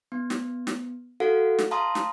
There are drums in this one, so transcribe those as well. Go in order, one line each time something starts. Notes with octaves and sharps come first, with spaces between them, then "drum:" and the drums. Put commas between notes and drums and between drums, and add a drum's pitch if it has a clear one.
B3
drum: snare
drum: snare
F#4 A4 F5 F#5
drum: snare
F5 A5 A#5 C6 D#6
drum: snare